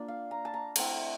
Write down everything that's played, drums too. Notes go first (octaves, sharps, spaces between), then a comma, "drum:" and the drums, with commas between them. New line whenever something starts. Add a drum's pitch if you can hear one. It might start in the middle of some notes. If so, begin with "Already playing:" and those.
Already playing: A#3 D4 F4
F5
A#5
A5
A#5
A3 C4 E4, drum: cymbal